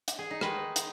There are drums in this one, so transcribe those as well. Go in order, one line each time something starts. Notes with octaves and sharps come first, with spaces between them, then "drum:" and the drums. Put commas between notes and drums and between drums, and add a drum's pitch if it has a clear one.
drum: hi-hat
G#4
D#4
D#3 G#3 B4, drum: rim click
drum: hi-hat